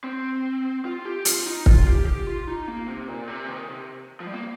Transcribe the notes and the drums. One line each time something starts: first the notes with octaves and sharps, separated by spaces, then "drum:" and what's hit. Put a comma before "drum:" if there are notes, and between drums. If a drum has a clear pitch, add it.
C4
F4
G4
F4, drum: hi-hat
D#4
F4, drum: kick
G4
G4
F4
D#4
A#3
C3
A#2
C3
D#3
C3
F3
G3
A#3